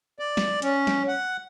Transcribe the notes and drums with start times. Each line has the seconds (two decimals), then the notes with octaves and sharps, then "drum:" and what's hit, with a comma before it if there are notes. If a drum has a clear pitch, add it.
0.19 D5
0.37 drum: snare
0.62 C#4, drum: hi-hat
0.87 drum: snare
1.08 F#5